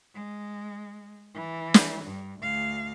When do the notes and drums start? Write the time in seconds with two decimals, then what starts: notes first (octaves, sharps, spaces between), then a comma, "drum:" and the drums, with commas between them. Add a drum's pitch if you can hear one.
0.14 G#3
1.34 E3
1.74 drum: snare
2.04 G2
2.40 D2 F5